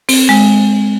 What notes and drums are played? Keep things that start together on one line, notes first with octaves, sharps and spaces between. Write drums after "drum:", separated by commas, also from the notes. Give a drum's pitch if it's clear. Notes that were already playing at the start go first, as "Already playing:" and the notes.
C4, drum: open hi-hat
G#3